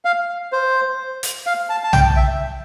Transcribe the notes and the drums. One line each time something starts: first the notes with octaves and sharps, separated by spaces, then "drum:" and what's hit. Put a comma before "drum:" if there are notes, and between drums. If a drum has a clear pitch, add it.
F5
C5
drum: hi-hat
F5
A5
A5
G5, drum: tom
E5